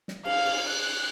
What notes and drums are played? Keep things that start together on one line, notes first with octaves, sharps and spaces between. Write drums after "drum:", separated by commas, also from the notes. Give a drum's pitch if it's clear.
drum: snare
F5, drum: cymbal
drum: cymbal
F#6